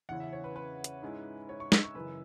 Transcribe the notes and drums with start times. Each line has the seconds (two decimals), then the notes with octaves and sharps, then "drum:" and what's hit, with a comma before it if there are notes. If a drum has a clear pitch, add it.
0.09 E2 C#3 E3 C#4 E4 F#5
0.20 E5
0.33 C#5
0.44 B4
0.56 B4
0.84 drum: hi-hat
1.02 G#2 G#3 C#4 E4
1.49 C#5
1.60 C#6
1.72 E6, drum: snare
1.84 C#6
1.95 F#2 C#3 E3 C#4 E4 B4